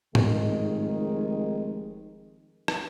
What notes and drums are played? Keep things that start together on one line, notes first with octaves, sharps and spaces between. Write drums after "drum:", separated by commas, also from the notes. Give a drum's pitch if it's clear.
F1 D#3 G#3, drum: tom G#2
drum: rim click